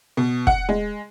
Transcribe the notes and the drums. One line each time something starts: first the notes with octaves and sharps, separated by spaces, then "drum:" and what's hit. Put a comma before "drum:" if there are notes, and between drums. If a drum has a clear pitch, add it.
B2
F#5, drum: kick
G#3